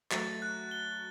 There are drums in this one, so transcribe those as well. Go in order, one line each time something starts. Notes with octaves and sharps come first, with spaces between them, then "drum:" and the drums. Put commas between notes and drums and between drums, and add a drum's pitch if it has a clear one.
F#3 A3 A6, drum: clap
F#6
G7